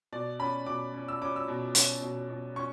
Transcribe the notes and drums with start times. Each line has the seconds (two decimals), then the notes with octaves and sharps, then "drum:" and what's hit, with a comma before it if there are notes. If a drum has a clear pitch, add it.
0.12 B2 D5
0.39 C#4 B5
0.66 B2 D6
0.94 C#4
1.08 E6
1.21 C#4 D6
1.36 E6
1.48 B2
1.75 C#4, drum: hi-hat
2.02 B2
2.30 B2
2.56 C#4 C#6